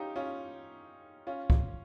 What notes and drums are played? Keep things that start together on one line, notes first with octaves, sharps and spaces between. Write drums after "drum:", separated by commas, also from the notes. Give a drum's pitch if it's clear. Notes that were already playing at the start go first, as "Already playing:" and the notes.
Already playing: C#4 D#4 F4 G4
C#4 F4
C#4 F4
drum: kick